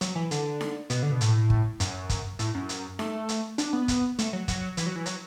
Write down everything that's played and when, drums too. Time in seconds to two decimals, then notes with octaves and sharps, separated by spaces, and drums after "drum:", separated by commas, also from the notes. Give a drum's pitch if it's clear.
0.01 F#3, drum: hi-hat
0.15 E3
0.31 D3, drum: hi-hat
0.61 drum: snare D#4
0.90 B2, drum: hi-hat
1.03 D3
1.12 B2
1.21 A2, drum: hi-hat
1.50 drum: kick
1.80 F#2, drum: hi-hat
2.09 drum: kick, hi-hat
2.39 A2, drum: hi-hat
2.55 F#2
2.69 drum: hi-hat
2.99 A3, drum: snare D#4
3.29 drum: hi-hat
3.58 D4, drum: hi-hat
3.73 B3
3.88 drum: kick, hi-hat
4.19 A3, drum: hi-hat
4.33 F#3
4.48 F#3, drum: kick, hi-hat
4.77 E3, drum: hi-hat
4.86 F#3
4.96 E3
5.06 F#3, drum: hi-hat